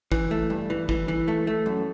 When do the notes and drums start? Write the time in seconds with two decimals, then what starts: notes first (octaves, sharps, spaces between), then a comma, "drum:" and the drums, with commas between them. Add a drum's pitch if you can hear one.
0.12 E3, drum: kick
0.31 A3
0.50 G2
0.70 E3
0.89 E3, drum: kick
1.08 E3
1.28 A3
1.47 A3
1.66 F#2